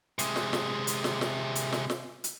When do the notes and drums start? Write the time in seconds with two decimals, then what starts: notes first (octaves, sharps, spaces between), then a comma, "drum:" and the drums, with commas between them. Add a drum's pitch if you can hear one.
0.19 C3 G#3, drum: hi-hat
0.36 drum: snare
0.53 drum: snare
0.87 drum: hi-hat
1.04 drum: snare
1.21 drum: snare
1.55 drum: hi-hat
1.72 drum: snare
1.90 drum: snare
2.24 drum: hi-hat